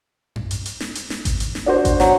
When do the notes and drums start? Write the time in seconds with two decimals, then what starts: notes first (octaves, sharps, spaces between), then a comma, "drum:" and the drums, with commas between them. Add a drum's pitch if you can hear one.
0.36 drum: tom F#2
0.51 drum: hi-hat
0.66 drum: hi-hat
0.80 drum: snare
0.95 drum: hi-hat
1.10 drum: snare
1.25 drum: kick G#1, hi-hat
1.40 drum: hi-hat
1.55 drum: snare
1.66 D4 F#4 C5
1.85 drum: kick G#1, hi-hat
2.00 F#3, drum: snare